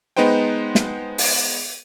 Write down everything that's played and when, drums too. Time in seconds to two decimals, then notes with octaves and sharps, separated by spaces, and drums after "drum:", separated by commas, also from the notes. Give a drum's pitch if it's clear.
0.17 G#3 B3 D#4 B4 C5 G5
0.75 drum: snare
1.18 drum: open hi-hat